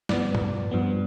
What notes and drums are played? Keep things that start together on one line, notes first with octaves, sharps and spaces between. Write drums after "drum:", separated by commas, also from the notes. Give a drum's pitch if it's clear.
G2 F3 B3 D5, drum: snare
drum: tom
G2 F3 B3